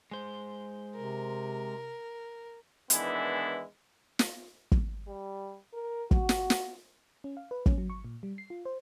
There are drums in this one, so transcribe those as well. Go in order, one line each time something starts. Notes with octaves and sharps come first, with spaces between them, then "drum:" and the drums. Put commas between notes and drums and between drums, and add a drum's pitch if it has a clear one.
G#3 C5
C3 A#4
D#3 E3 G#3 B3 D4 E4, drum: hi-hat
drum: snare
drum: kick
G3
A#4
F#4, drum: kick
drum: snare
drum: snare
C#4
F5
B4
C#4, drum: kick
F#3
C#6
A#2
G3
C7
F4
C5